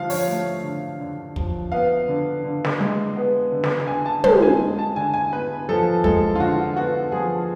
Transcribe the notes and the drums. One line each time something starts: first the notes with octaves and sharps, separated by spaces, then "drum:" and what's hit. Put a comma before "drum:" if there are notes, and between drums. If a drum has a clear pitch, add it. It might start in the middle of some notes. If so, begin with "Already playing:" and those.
Already playing: D3 F3 F5
C#5, drum: open hi-hat
A3
D3
D3
F3, drum: kick
B3 F5
D3
D3
drum: snare
G#3
B3
D3
drum: snare
D3 G#5
A5
G#3 A5, drum: tom
G#5
G#3
A5
D3 G#5
G#5
B3 B4
F3 A4
G#3 A4, drum: kick
F4
D3 F#4
B3 F#4
F3 G#4